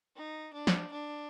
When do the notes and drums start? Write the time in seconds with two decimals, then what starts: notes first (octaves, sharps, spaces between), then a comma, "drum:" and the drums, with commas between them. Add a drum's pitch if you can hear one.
0.16 D#4
0.53 D4
0.67 drum: snare
0.92 D4